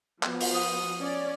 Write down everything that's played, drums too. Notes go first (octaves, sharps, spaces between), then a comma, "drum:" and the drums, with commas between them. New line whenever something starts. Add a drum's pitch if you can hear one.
F3 B3 F#4, drum: clap
drum: open hi-hat
D#6
C#4 D5